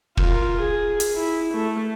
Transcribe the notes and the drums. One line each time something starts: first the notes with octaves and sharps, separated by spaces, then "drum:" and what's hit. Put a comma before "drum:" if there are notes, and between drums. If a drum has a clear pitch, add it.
F4 A#4, drum: kick
G#4
drum: hi-hat
E4
A3